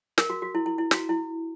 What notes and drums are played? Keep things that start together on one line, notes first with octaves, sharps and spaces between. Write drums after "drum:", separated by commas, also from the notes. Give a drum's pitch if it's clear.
A#4, drum: snare
F#4
F#4
E4
E4
E4
F#4, drum: snare
E4